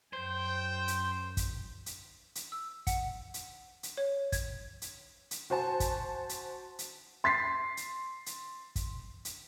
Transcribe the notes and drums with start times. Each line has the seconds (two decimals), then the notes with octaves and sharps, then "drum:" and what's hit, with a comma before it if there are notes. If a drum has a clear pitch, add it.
0.13 F#2 C5 G5
0.88 drum: hi-hat
1.37 drum: kick, hi-hat
1.86 drum: hi-hat
2.35 drum: hi-hat
2.52 E6
2.87 F#5, drum: kick, hi-hat
3.34 drum: hi-hat
3.83 drum: hi-hat
3.97 C#5
4.32 G#6, drum: kick, hi-hat
4.82 drum: hi-hat
5.31 drum: hi-hat
5.50 F#4 C5 G#5 A5
5.80 drum: kick, hi-hat
6.29 drum: hi-hat
6.79 drum: hi-hat
7.24 C6 A6 B6 C7
7.77 drum: hi-hat
8.26 drum: hi-hat
8.76 drum: kick, hi-hat
9.25 drum: hi-hat